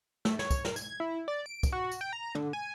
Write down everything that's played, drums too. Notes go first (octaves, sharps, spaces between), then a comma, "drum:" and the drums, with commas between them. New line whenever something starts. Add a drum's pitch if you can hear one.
A3, drum: snare
C#5, drum: snare
drum: kick, tambourine
A#4, drum: snare
G#6, drum: tambourine
E4
D5
D7
drum: kick, tambourine
F#4
drum: tambourine
G5
A#5
D3, drum: tom
G#5